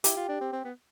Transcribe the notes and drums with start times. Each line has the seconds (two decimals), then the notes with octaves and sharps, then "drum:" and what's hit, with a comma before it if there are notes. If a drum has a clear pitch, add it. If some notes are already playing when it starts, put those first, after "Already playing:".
0.04 E4 G4, drum: hi-hat
0.17 F4
0.29 D4
0.41 C4
0.53 C4
0.65 B3